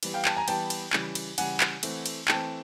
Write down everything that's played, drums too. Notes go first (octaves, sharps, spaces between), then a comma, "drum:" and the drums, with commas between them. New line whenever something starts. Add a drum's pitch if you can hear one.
E3 G3 B3, drum: cymbal
F5 G5
G5 A5, drum: clap
G#5 A#5
E3 G3 B3 G5 A5, drum: cymbal
drum: cymbal
C#3 E3 G3, drum: clap
drum: cymbal
C#3 E3 G3 F#5 G#5, drum: cymbal
drum: clap
E3 A3 C4, drum: cymbal
drum: cymbal
E3 A3 C4 G5 A5, drum: clap